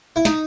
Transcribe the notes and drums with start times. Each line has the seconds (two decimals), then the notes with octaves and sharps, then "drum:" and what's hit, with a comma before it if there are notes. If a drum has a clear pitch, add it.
0.16 E4
0.25 D#4, drum: snare